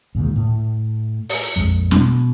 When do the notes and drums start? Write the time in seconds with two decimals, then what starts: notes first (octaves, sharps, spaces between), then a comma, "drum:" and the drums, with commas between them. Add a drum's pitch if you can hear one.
0.15 D2 A#2 D#3 G#3
0.36 A2
1.29 drum: open hi-hat
1.56 A#1 F2 G#3
1.91 B2, drum: snare